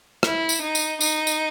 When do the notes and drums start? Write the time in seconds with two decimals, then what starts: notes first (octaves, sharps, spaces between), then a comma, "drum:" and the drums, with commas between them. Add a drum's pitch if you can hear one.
0.23 E4, drum: rim click
0.49 drum: tambourine
0.62 D#4
0.75 drum: tambourine
1.01 D#4, drum: tambourine
1.27 drum: tambourine